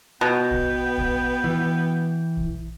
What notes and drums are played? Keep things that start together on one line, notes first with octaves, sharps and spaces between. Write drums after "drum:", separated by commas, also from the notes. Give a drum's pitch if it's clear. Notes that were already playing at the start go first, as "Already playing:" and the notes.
B2 B3 G5
drum: kick A#1
drum: kick A#1
E3
drum: kick A#1